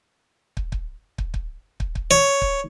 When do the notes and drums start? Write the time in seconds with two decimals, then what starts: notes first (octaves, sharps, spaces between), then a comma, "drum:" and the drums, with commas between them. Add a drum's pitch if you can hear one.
0.57 drum: kick
0.72 drum: kick
1.18 drum: kick
1.34 drum: kick
1.80 drum: kick
1.95 drum: kick
2.11 C#5
2.42 drum: kick